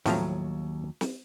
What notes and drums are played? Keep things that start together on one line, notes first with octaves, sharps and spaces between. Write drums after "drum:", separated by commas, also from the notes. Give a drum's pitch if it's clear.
D#2 A2 F3 F#3 A#5, drum: snare
drum: snare